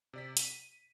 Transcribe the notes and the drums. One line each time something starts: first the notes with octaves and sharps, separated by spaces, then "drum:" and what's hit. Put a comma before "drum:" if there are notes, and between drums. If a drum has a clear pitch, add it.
C3 D5 B6
D#7, drum: hi-hat